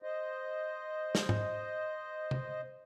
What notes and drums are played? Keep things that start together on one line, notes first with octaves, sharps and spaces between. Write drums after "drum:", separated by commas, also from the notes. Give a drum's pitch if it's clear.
C5 D#5
drum: snare
drum: tom G#2
drum: tom C3